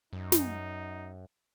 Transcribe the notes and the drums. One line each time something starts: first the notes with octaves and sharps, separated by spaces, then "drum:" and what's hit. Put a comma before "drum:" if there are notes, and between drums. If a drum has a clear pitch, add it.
F#2 D#4
drum: snare